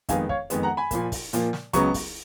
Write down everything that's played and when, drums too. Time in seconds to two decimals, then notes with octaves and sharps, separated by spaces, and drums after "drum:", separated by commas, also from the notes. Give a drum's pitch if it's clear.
0.09 F2 D#3 G#3 B3 F5 G#5, drum: kick, hi-hat
0.29 C#5 F5, drum: kick
0.50 F2 D#3 G#3 B3, drum: hi-hat
0.63 F#5 A#5
0.77 G#5 B5
0.91 A#2 F3 A#3, drum: kick, hi-hat
1.12 drum: kick, open hi-hat
1.33 A#2 F3 A#3, drum: hi-hat
1.53 drum: snare
1.73 C#2 C#3 F#3 B3 A#5 C#6, drum: kick, hi-hat
1.94 drum: kick, open hi-hat